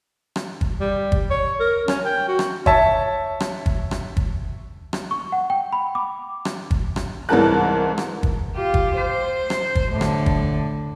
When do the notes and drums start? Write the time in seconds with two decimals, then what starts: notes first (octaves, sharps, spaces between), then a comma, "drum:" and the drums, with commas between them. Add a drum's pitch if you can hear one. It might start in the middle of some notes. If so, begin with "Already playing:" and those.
0.36 drum: rim click
0.61 drum: kick G1
0.80 G3
1.12 drum: kick G1
1.30 C#5
1.59 A#4
1.88 C#4, drum: rim click
2.05 G5
2.28 F#4
2.39 drum: rim click
2.66 C#5 E5 A5, drum: kick G1
3.40 drum: rim click
3.66 drum: kick G1
3.91 drum: rim click
4.17 drum: kick G1
4.93 drum: rim click
5.11 C#6
5.32 F#5
5.50 G5
5.72 B5
5.95 D6
6.45 drum: rim click
6.71 drum: kick G1
6.96 drum: rim click
7.29 C2 G#2 E3 A#4 A5 F#6
7.98 drum: rim click
8.23 drum: kick G1
8.56 F4 G4
8.74 drum: kick G1
8.96 C5
9.50 drum: rim click
9.75 drum: kick G1
9.91 A2 D3
10.01 drum: rim click
10.26 drum: kick G1